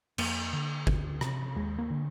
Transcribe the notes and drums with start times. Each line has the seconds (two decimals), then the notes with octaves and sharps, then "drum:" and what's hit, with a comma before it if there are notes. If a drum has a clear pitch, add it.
0.18 F2 A#3, drum: cymbal
0.53 D3
0.87 D2, drum: kick G1
1.21 C3, drum: rim click
1.56 D#2 G#3
1.79 A#3
1.90 D3